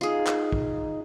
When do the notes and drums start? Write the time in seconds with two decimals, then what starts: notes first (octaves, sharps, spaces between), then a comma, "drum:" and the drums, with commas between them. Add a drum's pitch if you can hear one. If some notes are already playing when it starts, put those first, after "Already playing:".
0.01 D#4 F4 G#4
0.27 drum: clap
0.52 drum: kick